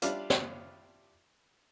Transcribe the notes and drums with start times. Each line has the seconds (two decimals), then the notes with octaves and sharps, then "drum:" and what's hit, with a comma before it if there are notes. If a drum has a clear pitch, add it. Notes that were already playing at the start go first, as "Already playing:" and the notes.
0.02 G3 D4 E4 F4 D5 F5, drum: hi-hat
0.30 drum: snare